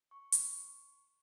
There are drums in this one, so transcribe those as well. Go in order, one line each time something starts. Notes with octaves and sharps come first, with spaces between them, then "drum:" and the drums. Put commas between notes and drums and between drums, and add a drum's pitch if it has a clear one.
C#6
drum: hi-hat